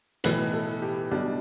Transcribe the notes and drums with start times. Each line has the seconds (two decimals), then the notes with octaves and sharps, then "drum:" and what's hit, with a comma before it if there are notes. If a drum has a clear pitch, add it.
0.24 B1 A2 E3 B4, drum: hi-hat
0.53 A4
0.82 G4
1.11 B1 B2 G3 D4